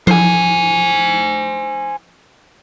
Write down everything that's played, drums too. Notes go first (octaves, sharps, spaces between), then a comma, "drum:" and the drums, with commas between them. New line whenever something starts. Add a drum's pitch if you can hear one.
C5 G#5, drum: tom F3